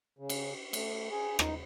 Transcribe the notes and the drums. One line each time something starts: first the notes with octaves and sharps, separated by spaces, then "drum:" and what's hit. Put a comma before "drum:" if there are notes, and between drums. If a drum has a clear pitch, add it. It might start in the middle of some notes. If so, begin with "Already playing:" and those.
C#3
drum: cymbal
A3, drum: cymbal
G#4
D#4, drum: rim click